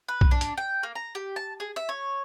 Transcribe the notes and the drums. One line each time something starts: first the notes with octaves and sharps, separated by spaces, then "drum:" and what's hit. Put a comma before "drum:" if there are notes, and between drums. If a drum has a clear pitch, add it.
B4
drum: kick B1
D4
drum: hi-hat
G5
A#3
A#5
G4
A5
G#4
E5
C#5